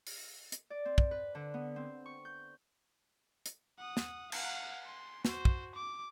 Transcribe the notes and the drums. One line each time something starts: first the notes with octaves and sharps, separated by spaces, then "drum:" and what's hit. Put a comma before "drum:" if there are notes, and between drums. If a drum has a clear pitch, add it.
drum: open hi-hat
drum: hi-hat
D5
C4
drum: kick
B4
D3
B3
C4
C#6
G6
drum: hi-hat
F#5 D#6
drum: snare
F5 F#5, drum: cymbal
C6
F#4 C5, drum: snare
drum: kick
D6